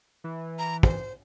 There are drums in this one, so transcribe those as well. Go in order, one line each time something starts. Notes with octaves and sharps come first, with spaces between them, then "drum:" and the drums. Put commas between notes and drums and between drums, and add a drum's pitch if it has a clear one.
E3
A#5
C5, drum: kick